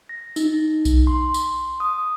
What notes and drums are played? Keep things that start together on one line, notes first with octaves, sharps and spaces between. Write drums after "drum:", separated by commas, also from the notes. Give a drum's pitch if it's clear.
A#6
D#4, drum: tambourine
drum: kick B1, tambourine
C6
drum: tambourine
D#6